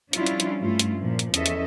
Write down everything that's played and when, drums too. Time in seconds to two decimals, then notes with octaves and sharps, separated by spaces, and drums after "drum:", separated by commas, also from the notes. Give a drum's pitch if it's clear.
0.13 F3 G3 C#4 D4 E4 F4, drum: hi-hat
0.26 drum: hi-hat
0.40 drum: hi-hat
0.61 G2 A3 C#4 E4 F4
0.79 drum: hi-hat
0.97 A#2 F3
1.19 drum: hi-hat
1.34 E2 C#4 A4 D#5 E5, drum: hi-hat
1.46 drum: hi-hat